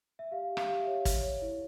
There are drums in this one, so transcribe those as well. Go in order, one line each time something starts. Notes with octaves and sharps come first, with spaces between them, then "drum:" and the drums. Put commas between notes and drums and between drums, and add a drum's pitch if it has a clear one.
E5
G4 F5
G4
F5, drum: rim click
G4
E5
C#5
C#5, drum: kick, hi-hat
C#5
E4